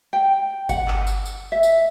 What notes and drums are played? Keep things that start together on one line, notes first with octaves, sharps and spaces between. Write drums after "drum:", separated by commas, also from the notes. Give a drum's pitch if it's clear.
G5
F#5, drum: kick G1, tambourine
drum: clap
drum: tambourine
drum: tambourine
E5
drum: tambourine